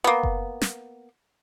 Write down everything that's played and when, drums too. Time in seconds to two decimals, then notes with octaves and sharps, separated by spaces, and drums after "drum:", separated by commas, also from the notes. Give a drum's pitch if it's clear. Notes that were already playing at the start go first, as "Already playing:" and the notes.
0.04 A#3 B3
0.23 drum: kick F#1
0.61 drum: snare